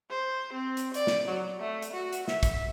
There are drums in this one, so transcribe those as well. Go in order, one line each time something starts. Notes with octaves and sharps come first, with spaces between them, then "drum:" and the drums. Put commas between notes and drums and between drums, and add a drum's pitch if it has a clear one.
C5
C4
drum: hi-hat
D5, drum: hi-hat
drum: snare
F#3
A3
drum: hi-hat
F#4
drum: hi-hat
E5, drum: snare
drum: kick, hi-hat